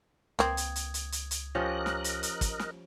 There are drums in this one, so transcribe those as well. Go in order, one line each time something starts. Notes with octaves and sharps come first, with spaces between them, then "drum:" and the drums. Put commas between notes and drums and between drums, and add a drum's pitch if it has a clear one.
C#2 A#3 C4 D#6 G#6, drum: snare
drum: hi-hat
drum: hi-hat
drum: hi-hat
drum: hi-hat
drum: hi-hat
F3 C#4 G4 A#4 D#5 F#6
drum: snare
drum: hi-hat
drum: hi-hat
drum: kick, hi-hat
drum: snare